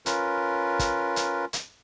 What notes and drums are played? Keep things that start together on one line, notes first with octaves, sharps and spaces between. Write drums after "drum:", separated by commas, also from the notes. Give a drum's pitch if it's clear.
C#4 F4 A#4 B4, drum: hi-hat
drum: kick, hi-hat
drum: hi-hat
drum: hi-hat